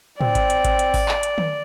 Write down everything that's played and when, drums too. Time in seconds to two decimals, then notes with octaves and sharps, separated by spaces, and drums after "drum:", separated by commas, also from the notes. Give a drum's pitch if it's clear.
0.21 C4 D5, drum: tom
0.35 drum: kick G#1, hi-hat
0.50 drum: hi-hat
0.65 drum: kick G#1, hi-hat
0.79 drum: hi-hat
0.94 drum: kick G#1, open hi-hat
1.08 drum: clap
1.23 drum: hi-hat
1.38 drum: tom